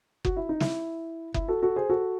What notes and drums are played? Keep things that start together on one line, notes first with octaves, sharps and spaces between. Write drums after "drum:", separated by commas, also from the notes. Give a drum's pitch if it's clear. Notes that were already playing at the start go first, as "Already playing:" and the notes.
F#4, drum: kick F#1
E4
D#4
E4, drum: snare
E4, drum: kick F#1
F#4 A4
F#4 A4
G#4 C5
F#4 A4